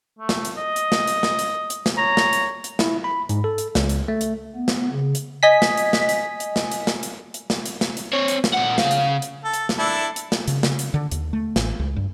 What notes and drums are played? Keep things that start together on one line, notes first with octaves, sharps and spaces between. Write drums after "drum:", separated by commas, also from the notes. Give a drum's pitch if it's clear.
A3
drum: snare
drum: hi-hat
D#5
drum: hi-hat
drum: snare
drum: hi-hat
drum: snare
drum: hi-hat
drum: hi-hat
drum: snare
C#5 A#5
drum: snare
drum: hi-hat
drum: hi-hat
E4, drum: snare
B5
G#2, drum: hi-hat
A4
drum: hi-hat
C#2, drum: snare
drum: hi-hat
A3
drum: hi-hat
B3
drum: snare
C#3
drum: hi-hat
D#5 G#5 B6
drum: snare
drum: hi-hat
drum: snare
drum: hi-hat
drum: hi-hat
drum: snare
drum: hi-hat
drum: snare
drum: hi-hat
drum: hi-hat
drum: snare
drum: hi-hat
drum: snare
drum: hi-hat
C4 C#5
drum: hi-hat
drum: snare
A#2 F#5
C#3 F5, drum: snare
drum: hi-hat
drum: hi-hat
A4
drum: hi-hat
drum: snare
D4 E4 A4
drum: hi-hat
drum: snare
C#3, drum: hi-hat
drum: snare
drum: hi-hat
D3
D#2, drum: hi-hat
A3
A1, drum: snare
C#2
G2